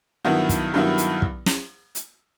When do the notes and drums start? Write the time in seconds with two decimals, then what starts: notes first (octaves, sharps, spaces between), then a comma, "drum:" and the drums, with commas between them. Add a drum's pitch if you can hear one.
0.25 G2 D#3 F#3 B3 E4
0.49 drum: kick, hi-hat
0.74 G2 D#3 F#3 B3 E4
0.98 drum: hi-hat
1.22 drum: kick
1.46 drum: snare
1.95 drum: hi-hat